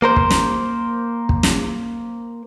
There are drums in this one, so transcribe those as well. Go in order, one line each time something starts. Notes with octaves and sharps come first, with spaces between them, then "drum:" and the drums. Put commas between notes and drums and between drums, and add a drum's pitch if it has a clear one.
A#3 A#4 C5
drum: kick
drum: snare
drum: kick
drum: snare